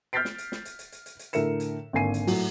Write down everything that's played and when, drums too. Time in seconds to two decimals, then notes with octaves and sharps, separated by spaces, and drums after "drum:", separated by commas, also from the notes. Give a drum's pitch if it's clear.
0.13 F6 G6 A6 B6 C7 D7
0.25 drum: snare
0.38 drum: hi-hat
0.52 drum: snare
0.65 drum: hi-hat
0.79 drum: hi-hat
0.92 drum: hi-hat
1.06 drum: hi-hat
1.19 drum: hi-hat
1.33 A2 D3 A#4 E5 C#7 E7, drum: hi-hat
1.60 drum: hi-hat
1.93 G#1 D3 A#3 G#5 C7 D#7
2.14 drum: hi-hat
2.27 A2 F#3, drum: open hi-hat